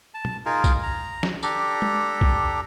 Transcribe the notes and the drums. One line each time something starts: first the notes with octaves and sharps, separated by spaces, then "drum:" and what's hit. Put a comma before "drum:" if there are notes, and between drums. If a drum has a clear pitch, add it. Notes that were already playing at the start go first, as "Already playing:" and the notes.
A5
drum: tom
D#4 F4 G#4 A#4
drum: kick, tambourine
A#5
drum: snare
D4 G4 A4 A#5, drum: tambourine
drum: tom G#3
drum: kick